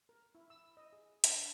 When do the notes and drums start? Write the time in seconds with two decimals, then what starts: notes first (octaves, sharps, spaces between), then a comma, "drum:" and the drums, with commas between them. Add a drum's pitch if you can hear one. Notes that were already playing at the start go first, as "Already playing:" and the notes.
0.09 A#4
0.35 E4
0.50 E6
0.77 D#5
0.93 G#4
1.24 D4, drum: hi-hat
1.40 A5